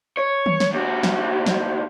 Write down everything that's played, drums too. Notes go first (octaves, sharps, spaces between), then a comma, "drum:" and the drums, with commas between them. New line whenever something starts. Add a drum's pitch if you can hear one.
C#5
drum: tom D#3
drum: snare
D#2 F#4
drum: snare
drum: snare